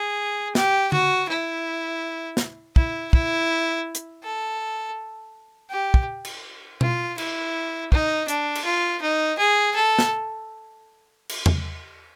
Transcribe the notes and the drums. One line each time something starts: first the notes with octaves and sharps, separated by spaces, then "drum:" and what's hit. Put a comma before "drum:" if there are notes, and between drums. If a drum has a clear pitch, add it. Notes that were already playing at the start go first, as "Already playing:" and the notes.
Already playing: G#4
G4, drum: snare
F#4, drum: tom D3
E4
drum: snare
E4, drum: kick
E4, drum: kick
drum: hi-hat
A4
G4
drum: kick
drum: cymbal
F4, drum: tom B2
E4, drum: cymbal
D#4, drum: kick
D4, drum: hi-hat
drum: cymbal
F4
D#4
G#4
A4
drum: snare
drum: cymbal
drum: tom E2